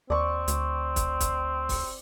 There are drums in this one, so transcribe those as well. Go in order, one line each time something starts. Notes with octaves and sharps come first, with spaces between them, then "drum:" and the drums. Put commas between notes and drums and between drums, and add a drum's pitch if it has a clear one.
D#2 C4 D5 C#6
D2, drum: hi-hat
drum: kick, hi-hat
drum: kick, hi-hat
drum: kick, open hi-hat